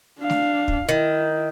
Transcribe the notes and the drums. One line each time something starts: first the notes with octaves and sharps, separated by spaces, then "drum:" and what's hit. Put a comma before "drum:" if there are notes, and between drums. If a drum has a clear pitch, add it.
D4 F5
drum: snare A3
drum: kick
D#3 E4